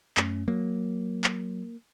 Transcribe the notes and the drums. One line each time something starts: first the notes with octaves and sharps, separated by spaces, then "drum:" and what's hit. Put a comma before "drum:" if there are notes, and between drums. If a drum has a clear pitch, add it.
F#2 A3 C#4, drum: clap
F#3 A#3
drum: clap